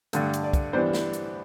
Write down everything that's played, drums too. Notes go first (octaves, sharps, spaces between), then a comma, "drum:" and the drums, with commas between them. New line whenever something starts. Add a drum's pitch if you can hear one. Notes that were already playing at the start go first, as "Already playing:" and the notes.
G2 D3 A3 D4, drum: hi-hat
drum: hi-hat
D5
drum: kick, hi-hat
E3 G3 B3 D4 C5
drum: snare
drum: hi-hat